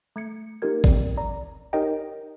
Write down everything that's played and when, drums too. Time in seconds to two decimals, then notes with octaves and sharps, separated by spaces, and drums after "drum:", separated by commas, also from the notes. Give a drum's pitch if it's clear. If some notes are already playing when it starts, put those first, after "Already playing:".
0.16 A3 G#6 C#7
0.62 A#3 D#4 F4 G4 A#4 G#6
0.84 C4 D5, drum: kick G#1
1.17 D5 A#5
1.73 D#4 G4 A#4 C#5 D#5 G5